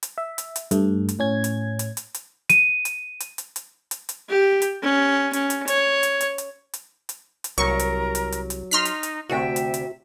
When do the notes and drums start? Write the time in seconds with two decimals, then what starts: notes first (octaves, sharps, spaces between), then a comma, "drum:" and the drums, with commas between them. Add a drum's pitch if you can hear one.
0.03 drum: hi-hat
0.18 E5
0.38 drum: hi-hat
0.56 drum: hi-hat
0.71 G2 A3, drum: hi-hat
1.09 drum: hi-hat
1.19 A2 C#4 G#6
1.44 drum: hi-hat
1.79 drum: hi-hat
1.97 drum: hi-hat
2.14 drum: hi-hat
2.50 D#7, drum: hi-hat
2.85 drum: hi-hat
3.20 drum: hi-hat
3.38 drum: hi-hat
3.56 drum: hi-hat
3.91 drum: hi-hat
4.09 drum: hi-hat
4.30 G4
4.62 drum: hi-hat
4.83 C#4
5.33 C#4, drum: hi-hat
5.50 drum: hi-hat
5.68 C#5, drum: hi-hat
6.03 drum: hi-hat
6.21 drum: hi-hat
6.38 drum: hi-hat
6.73 drum: hi-hat
7.09 drum: hi-hat
7.44 drum: hi-hat
7.58 C2 F#3 A#4 C#6
7.79 drum: hi-hat
8.15 drum: hi-hat
8.32 drum: hi-hat
8.50 drum: hi-hat
8.71 D#4 C6 F6 B6
8.85 drum: hi-hat
9.03 drum: hi-hat
9.29 D2 C3 F#4 E5 G5
9.56 drum: hi-hat
9.74 drum: hi-hat